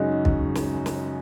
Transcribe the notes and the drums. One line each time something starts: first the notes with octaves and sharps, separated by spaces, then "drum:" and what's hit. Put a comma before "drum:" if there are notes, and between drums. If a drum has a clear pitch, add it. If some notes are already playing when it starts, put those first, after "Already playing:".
Already playing: F#2 C#3 G#3 D#4 F#4
drum: kick
drum: snare
drum: snare